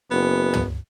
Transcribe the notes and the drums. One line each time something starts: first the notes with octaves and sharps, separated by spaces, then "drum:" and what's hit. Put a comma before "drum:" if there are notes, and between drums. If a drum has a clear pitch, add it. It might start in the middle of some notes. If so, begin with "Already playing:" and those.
F#1 B3
drum: tom